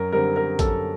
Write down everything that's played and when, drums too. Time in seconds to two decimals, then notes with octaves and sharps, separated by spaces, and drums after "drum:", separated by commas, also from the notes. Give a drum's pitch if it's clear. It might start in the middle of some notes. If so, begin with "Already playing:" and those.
Already playing: F#2 A#4
0.13 D3 G3 C4 A#4
0.36 A#4
0.59 F#2 A4, drum: kick, hi-hat